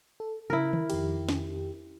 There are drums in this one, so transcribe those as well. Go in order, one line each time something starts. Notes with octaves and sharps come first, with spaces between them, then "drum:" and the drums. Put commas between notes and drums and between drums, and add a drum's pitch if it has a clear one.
A4
C#3 E4 A#4
drum: tom D#3
F2 D#3 G4, drum: cymbal
drum: snare